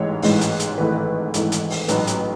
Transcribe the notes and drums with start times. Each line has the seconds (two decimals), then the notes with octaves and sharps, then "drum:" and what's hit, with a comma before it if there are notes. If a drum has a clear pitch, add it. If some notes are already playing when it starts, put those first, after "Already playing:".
Already playing: A1 G#2 E3 G#3 C#5
0.22 A1 G#2 E3 G#3, drum: open hi-hat
0.41 drum: hi-hat
0.60 drum: hi-hat
0.78 G#1 G#2 E3 A3 B4
1.34 G#1 G#2 E3 A3, drum: hi-hat
1.52 drum: hi-hat
1.70 drum: open hi-hat
1.88 A1 G#2 F#3 B4, drum: hi-hat
2.07 drum: hi-hat